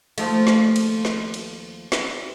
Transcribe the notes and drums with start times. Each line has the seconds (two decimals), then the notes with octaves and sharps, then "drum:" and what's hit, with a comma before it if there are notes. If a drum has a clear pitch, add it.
0.18 D#2 F3 A3, drum: cymbal
0.47 drum: snare
0.76 drum: cymbal
1.05 drum: snare
1.34 drum: cymbal
1.92 drum: snare